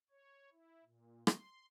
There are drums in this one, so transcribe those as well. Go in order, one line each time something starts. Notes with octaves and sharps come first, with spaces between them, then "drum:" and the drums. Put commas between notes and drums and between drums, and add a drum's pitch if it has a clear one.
C#5
E4
A#2
C6, drum: rim click